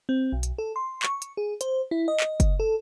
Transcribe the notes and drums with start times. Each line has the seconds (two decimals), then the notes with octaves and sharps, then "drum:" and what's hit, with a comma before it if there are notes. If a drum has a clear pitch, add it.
0.09 C4
0.32 B1
0.43 drum: hi-hat
0.58 A4
0.76 C6
1.03 C#6, drum: clap
1.22 drum: hi-hat
1.37 G#4
1.61 C5, drum: hi-hat
1.91 E4
2.08 D#5
2.20 drum: clap
2.40 drum: kick F#1, hi-hat
2.60 A4